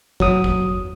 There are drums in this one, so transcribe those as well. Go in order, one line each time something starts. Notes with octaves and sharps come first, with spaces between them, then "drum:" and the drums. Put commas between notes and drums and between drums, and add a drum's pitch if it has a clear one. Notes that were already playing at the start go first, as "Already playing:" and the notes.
F#3 D#6, drum: kick G1
drum: kick G1